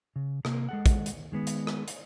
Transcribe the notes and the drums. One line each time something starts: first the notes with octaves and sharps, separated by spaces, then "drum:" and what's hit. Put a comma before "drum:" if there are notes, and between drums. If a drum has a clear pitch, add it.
C#3
C3 A#3, drum: rim click
G#3 A4 F#5
drum: kick, hi-hat
drum: hi-hat
D#3 G#3 B3
drum: hi-hat
drum: rim click
drum: hi-hat